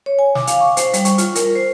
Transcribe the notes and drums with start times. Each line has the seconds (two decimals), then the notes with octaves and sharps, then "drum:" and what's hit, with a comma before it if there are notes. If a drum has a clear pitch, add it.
0.06 C#5
0.19 G#5
0.35 D6, drum: snare
0.47 F5, drum: hi-hat
0.60 C#6
0.77 C5, drum: hi-hat
0.94 G3, drum: hi-hat
1.05 C#6, drum: hi-hat
1.18 F4, drum: hi-hat
1.35 A#4, drum: hi-hat
1.55 C5